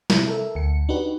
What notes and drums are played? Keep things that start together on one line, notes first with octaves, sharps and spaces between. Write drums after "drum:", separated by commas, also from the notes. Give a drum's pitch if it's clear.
C3 G3 E4 A#4, drum: snare
A4 A#4 E5
D2 C#7
D4 D#4 F#4 G4 B4